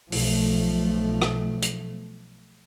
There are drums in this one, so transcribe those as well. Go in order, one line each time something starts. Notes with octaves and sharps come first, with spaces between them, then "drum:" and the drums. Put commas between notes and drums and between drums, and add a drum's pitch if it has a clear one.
B1 F3 A3, drum: open hi-hat
drum: rim click
drum: hi-hat